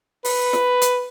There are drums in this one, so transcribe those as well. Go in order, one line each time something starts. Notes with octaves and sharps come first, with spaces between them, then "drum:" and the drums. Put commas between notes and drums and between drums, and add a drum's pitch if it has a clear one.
B4, drum: open hi-hat
drum: snare
drum: hi-hat